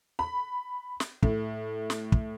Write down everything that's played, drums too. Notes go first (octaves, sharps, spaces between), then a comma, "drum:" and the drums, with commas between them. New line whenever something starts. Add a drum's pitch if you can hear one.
B5
drum: snare
A2, drum: kick
drum: snare
drum: kick